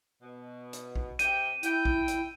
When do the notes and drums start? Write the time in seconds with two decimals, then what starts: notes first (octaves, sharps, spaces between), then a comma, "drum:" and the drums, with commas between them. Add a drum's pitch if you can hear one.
0.22 B2
0.73 drum: hi-hat
0.95 drum: kick A#1
1.19 C3 G4 G5 D#7, drum: hi-hat
1.63 E4 G5, drum: hi-hat
1.85 drum: kick A#1
2.08 drum: hi-hat